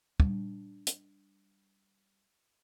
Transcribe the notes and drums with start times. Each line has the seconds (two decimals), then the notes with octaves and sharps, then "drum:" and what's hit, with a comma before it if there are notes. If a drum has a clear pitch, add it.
0.20 G3 D4, drum: kick
0.87 drum: hi-hat